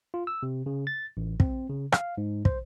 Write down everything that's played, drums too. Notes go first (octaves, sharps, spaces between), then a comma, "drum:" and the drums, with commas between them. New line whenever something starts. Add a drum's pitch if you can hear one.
F4
E6
C3
C#3
A6
A1
C4, drum: kick
C#3
F5, drum: rim click
G#2
C5, drum: kick